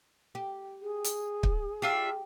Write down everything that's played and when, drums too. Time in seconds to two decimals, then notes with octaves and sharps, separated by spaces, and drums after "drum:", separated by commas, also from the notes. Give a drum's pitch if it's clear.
0.35 G4
0.81 G#4
1.04 drum: hi-hat
1.43 drum: kick
1.82 D4 F4 G4 E5